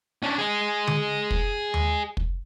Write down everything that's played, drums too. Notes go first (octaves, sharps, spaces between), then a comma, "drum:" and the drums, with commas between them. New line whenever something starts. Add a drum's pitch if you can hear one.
C#4 D4
G#4 D#5
drum: tom D3
drum: kick
drum: tom D#2
drum: kick